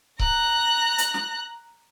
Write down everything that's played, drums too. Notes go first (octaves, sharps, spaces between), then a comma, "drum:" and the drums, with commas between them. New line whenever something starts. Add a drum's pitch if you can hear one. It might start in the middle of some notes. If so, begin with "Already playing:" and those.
A#5 F#6, drum: kick C#1
drum: hi-hat
drum: snare